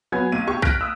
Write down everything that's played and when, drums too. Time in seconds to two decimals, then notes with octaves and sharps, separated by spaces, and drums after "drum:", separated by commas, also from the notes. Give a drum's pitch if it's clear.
0.12 F#3 B3 G#5 G#6
0.32 B1 D#7
0.47 G4 C#6
0.62 F6 F#6 A#6 B6 D7, drum: kick
0.81 D#6 E6